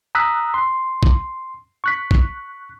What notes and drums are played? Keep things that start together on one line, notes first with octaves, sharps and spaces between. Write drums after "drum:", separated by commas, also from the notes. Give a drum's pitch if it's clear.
A#5 D#6 E6 F#6 B6
C6
drum: kick A#1
C#6 F#6 B6
drum: kick A#1